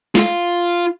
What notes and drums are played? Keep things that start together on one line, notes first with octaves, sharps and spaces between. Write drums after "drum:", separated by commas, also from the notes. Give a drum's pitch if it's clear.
F4 F5, drum: snare